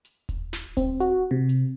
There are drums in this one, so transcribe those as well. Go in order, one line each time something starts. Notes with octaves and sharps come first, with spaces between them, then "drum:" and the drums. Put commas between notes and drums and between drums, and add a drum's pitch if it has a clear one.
drum: hi-hat
drum: kick D#1, hi-hat
drum: snare
C4, drum: kick D#1, hi-hat
F#4, drum: hi-hat
C3
drum: hi-hat